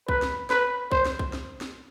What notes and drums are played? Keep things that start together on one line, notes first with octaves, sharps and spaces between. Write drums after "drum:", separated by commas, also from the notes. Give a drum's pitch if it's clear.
B4, drum: kick B1
drum: snare
B4, drum: snare
C5, drum: kick B1
drum: snare
drum: kick B1
drum: snare
drum: snare